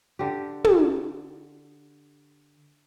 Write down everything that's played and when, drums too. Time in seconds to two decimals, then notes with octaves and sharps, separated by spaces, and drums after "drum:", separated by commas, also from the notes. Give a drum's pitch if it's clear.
0.19 D3 G4
0.64 drum: tom